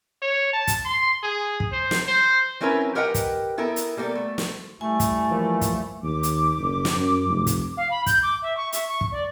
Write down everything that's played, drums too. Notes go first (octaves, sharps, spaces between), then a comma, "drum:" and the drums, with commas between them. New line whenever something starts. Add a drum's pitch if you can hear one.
C#5
A5
drum: kick, hi-hat
C6
G#4
drum: kick
C5
drum: snare
C5
F#3 C4 C#4 E4 A#4 B4
G4 A#4 B4 D#5 F#5 G5
drum: kick, hi-hat
B3 E4 A4 A#4
drum: hi-hat
G3 A#3 B3 A4
A3
drum: snare
G3 A3 E4 G#5
drum: kick, hi-hat
E3 F3 A#3
drum: kick, hi-hat
D#2 D6
drum: hi-hat
F#1
drum: snare
F#2
F1
drum: kick, hi-hat
F5
B5
G6, drum: kick, hi-hat
D6
E5
C#6
E5, drum: hi-hat
C#6
drum: kick
D5